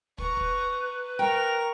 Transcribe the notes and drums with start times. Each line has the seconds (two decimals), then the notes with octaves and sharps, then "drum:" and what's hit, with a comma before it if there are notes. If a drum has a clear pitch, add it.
0.18 B4 A#5 C#6, drum: kick
0.37 drum: kick
1.19 A#4 G5 C#6 F7